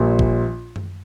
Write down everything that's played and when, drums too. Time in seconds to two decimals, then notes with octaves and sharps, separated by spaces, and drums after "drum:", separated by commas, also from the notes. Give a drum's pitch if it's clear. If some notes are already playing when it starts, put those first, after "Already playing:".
Already playing: A#1 A#2 G3
0.19 drum: kick
0.76 drum: tom F#2